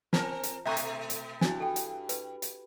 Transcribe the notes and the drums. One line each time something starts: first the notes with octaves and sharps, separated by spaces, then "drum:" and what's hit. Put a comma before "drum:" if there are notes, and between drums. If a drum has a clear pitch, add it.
C4 F4 A#4 A5, drum: snare
drum: hi-hat
B2 A3 E5 A#5 C#6
drum: hi-hat
drum: hi-hat
G2 E4 F#4 G#5, drum: snare
A4 G5
drum: hi-hat
B4, drum: hi-hat
drum: hi-hat